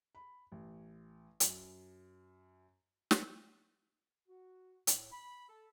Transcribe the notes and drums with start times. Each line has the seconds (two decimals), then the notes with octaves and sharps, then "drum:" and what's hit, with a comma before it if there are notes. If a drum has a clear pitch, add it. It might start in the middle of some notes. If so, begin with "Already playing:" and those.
0.15 B5
0.52 A1
1.40 F#2, drum: hi-hat
3.11 drum: snare
4.28 F#4
4.87 A2, drum: hi-hat
5.12 B5
5.49 A4